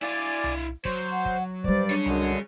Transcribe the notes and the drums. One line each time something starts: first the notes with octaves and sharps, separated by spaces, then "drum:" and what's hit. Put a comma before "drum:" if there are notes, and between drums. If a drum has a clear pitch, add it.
E4 D5 F5 G#5
drum: tom C2
F#3 C5, drum: kick
F#5
drum: kick
G2 F#3 G3 C5 D5, drum: kick
D4 G#4 C#5
F#2 D3 G#3, drum: tom C2